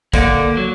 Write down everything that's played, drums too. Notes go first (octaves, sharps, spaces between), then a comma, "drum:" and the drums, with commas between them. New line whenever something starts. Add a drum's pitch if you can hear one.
D3 A#3, drum: kick, tambourine
F#3